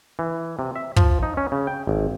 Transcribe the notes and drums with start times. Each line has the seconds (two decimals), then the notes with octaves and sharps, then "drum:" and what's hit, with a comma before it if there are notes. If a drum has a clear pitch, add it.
0.19 E3
0.59 C3
0.76 E5
0.96 F3, drum: kick
1.23 D#4
1.37 C#4
1.52 C#3
1.67 G5
1.87 G#1